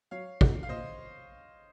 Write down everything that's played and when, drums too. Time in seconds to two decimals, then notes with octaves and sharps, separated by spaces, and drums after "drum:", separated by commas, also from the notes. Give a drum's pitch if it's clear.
0.11 F#3 C#5 F5
0.41 A#3 D#4 F#4, drum: kick
0.63 F5
0.69 A#2 C5 D#5